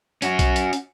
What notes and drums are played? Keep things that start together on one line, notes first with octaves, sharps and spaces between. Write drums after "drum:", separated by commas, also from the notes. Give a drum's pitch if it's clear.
C#4 F#4, drum: hi-hat
drum: kick B1, hi-hat
drum: hi-hat
drum: hi-hat